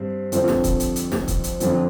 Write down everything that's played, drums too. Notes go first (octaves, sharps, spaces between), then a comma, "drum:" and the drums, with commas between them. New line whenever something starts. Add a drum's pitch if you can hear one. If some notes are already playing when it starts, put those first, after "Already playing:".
Already playing: G2 C4
F2 D3 F3 C4, drum: hi-hat
drum: snare
drum: kick, hi-hat
drum: hi-hat
drum: hi-hat
drum: snare
drum: kick, hi-hat
drum: hi-hat
F2 D3 F3, drum: hi-hat